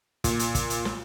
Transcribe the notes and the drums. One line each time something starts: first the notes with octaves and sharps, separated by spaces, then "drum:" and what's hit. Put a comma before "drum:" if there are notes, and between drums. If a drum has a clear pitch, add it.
A#2, drum: kick, hi-hat
drum: hi-hat
drum: kick, hi-hat
drum: hi-hat
drum: snare